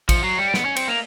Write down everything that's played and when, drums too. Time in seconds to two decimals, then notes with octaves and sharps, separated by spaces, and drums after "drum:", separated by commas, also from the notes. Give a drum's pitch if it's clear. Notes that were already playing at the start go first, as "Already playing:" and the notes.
0.09 F3 C#7, drum: kick A1, cymbal
0.23 F#3 C7
0.38 G3 C#7
0.49 D7
0.54 B3 C#7, drum: snare
0.65 C#4
0.76 C4, drum: cymbal
0.87 A#3 F7